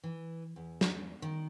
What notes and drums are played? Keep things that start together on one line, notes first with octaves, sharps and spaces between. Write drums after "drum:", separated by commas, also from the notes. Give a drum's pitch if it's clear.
E3
E2
drum: snare
D#3